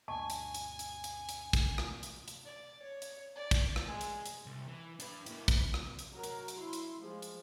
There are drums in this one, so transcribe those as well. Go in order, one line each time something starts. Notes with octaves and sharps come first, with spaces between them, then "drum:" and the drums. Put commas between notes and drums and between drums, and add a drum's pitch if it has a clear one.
D2 G2 B2 G#5 A5 C#6
drum: hi-hat
drum: hi-hat
drum: hi-hat
drum: hi-hat
drum: hi-hat
drum: kick, hi-hat
drum: rim click
drum: hi-hat
drum: hi-hat
D5
C#5
drum: hi-hat
D5
drum: kick, hi-hat
drum: rim click
G#3
drum: hi-hat
drum: hi-hat
C2
E3
D4 B4, drum: hi-hat
A#3 E4, drum: hi-hat
E3, drum: kick, hi-hat
drum: rim click
drum: hi-hat
F#3 F#4 A#4
drum: hi-hat
drum: hi-hat
E4 C6
drum: hi-hat
F3 G#3
drum: hi-hat